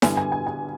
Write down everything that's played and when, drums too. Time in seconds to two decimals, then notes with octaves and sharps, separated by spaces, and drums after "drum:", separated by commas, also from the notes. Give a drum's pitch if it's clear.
0.02 G2 D3 G3 B3 E4 G#5, drum: snare E4
0.17 G#5
0.32 G#5
0.47 G#5